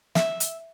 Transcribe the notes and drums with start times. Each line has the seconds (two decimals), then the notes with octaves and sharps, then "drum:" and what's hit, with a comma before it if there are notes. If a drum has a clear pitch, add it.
0.15 E5, drum: snare
0.40 drum: hi-hat